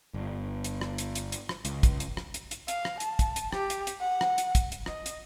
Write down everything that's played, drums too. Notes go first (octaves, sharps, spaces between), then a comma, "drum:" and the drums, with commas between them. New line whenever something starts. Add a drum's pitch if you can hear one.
G1
drum: hi-hat
drum: rim click
drum: hi-hat
drum: hi-hat
drum: hi-hat
drum: rim click
C#2, drum: hi-hat
drum: kick, hi-hat
drum: hi-hat
drum: rim click
drum: hi-hat
drum: hi-hat
F5, drum: hi-hat
drum: rim click
A5, drum: hi-hat
drum: kick, hi-hat
drum: hi-hat
G4, drum: rim click
drum: hi-hat
drum: hi-hat
F#5
drum: rim click
drum: hi-hat
drum: kick, hi-hat
drum: hi-hat
D#5, drum: rim click
drum: hi-hat